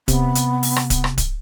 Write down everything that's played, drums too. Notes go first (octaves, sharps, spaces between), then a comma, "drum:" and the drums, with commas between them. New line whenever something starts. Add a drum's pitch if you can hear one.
C3 B3, drum: kick D1, hi-hat
drum: hi-hat
drum: open hi-hat
drum: rim click
drum: kick D1, hi-hat
drum: rim click
drum: kick D1, hi-hat